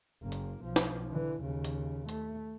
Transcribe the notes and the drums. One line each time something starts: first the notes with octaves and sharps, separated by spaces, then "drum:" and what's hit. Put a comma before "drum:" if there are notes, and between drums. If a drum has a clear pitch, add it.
F#1 A#3
drum: hi-hat
B1 F3
drum: snare
D3 E3
D#2 C#3
drum: hi-hat
A3, drum: hi-hat